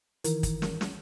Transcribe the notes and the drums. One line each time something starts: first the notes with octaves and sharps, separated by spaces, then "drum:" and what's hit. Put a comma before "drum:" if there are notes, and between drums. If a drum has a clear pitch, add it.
D#3 E3 A#4, drum: hi-hat
drum: kick, hi-hat
drum: snare
drum: snare